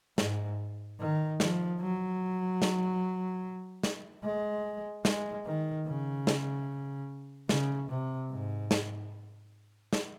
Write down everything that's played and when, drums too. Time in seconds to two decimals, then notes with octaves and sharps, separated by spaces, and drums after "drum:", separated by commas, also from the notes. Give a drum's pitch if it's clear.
0.18 G#2, drum: snare
0.99 D#3
1.40 F3, drum: snare
1.80 F#3
2.62 drum: snare
3.83 drum: snare
4.24 G#3
5.05 G#3, drum: snare
5.46 D#3
5.87 C#3
6.27 drum: snare
7.49 C#3, drum: snare
7.89 C3
8.31 G#2
8.71 drum: snare
9.93 drum: snare